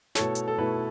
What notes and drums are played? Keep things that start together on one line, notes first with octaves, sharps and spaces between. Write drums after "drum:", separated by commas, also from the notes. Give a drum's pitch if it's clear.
B2 A3 E4 A4 C#5, drum: snare
drum: hi-hat
A4
B2 A3 E4 B4